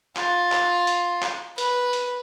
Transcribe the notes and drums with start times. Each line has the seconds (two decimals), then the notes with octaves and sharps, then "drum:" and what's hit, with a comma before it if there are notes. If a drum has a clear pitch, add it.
0.17 F4, drum: clap
0.52 drum: clap
0.87 drum: hi-hat
1.23 drum: clap
1.58 B4, drum: hi-hat
1.93 drum: hi-hat